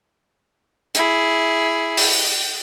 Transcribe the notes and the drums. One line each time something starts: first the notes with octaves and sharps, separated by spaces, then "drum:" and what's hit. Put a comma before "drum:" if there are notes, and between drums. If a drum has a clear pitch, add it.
E4 G#4, drum: hi-hat
drum: open hi-hat